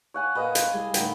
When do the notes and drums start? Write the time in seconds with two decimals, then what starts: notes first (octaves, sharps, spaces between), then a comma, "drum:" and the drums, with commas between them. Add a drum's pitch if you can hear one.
0.14 C#5 F#5 G#5
0.36 A#2 B4 D#5 F5
0.55 C5, drum: hi-hat
0.73 C2 G#3 G#5
0.94 A2 D3 D#3 B5, drum: hi-hat